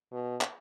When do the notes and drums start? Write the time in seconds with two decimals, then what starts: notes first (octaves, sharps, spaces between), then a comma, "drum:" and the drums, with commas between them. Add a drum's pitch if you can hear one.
0.12 B2
0.41 drum: clap